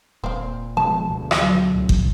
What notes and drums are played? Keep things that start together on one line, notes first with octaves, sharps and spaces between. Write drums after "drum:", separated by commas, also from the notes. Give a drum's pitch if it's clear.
E1 A#2 C4 F5
B2 F3 G#3 A5
D2 B2
drum: rim click
F#3
C#2 A2
drum: kick G1